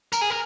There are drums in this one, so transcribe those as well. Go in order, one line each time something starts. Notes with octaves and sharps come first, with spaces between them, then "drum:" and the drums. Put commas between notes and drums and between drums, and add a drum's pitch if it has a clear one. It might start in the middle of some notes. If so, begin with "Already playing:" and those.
A#4, drum: tambourine
G#4
A#4